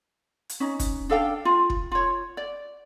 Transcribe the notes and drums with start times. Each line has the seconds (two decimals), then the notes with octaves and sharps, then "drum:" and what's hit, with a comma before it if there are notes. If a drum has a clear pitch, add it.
0.49 drum: hi-hat
0.60 C#4 D#4
0.80 drum: kick, hi-hat
1.10 D4 A4 F5 G5
1.45 F4
1.70 drum: kick
1.92 F4 C#5
2.37 D5